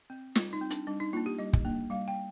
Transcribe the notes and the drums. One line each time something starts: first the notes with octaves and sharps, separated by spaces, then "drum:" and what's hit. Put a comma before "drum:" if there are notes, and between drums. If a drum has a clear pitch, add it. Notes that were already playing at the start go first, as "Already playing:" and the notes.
C4
G3 F4, drum: snare
D#4
C4
D4, drum: hi-hat
G3 D4
D#4
A#3 D4 F4
G4
G3 D#5
drum: kick
A#3 D4
G3 F5
G5